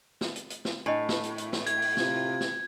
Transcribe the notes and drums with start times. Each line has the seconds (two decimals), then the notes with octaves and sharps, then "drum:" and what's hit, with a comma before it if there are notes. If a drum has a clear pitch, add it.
0.21 drum: snare
0.36 drum: hi-hat
0.50 drum: hi-hat
0.65 drum: snare
0.86 A2 D4 D#5
1.09 drum: snare
1.23 drum: hi-hat
1.38 drum: hi-hat
1.53 drum: snare
1.67 G#6, drum: hi-hat
1.82 drum: open hi-hat
1.97 C3 E4 F4, drum: snare
2.41 drum: snare